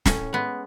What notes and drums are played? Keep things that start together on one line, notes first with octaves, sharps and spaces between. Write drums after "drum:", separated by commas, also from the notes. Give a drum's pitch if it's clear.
A2 C#4, drum: snare
G#3 B3